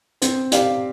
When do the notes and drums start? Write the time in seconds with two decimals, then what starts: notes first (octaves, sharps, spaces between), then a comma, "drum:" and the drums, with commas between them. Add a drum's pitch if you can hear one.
0.22 C4, drum: hi-hat
0.52 G4 D5 F5, drum: hi-hat